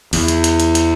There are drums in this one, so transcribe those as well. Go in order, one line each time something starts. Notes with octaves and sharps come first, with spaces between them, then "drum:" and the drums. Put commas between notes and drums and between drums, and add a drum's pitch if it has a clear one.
E2, drum: open hi-hat
drum: hi-hat
drum: hi-hat
drum: hi-hat
drum: hi-hat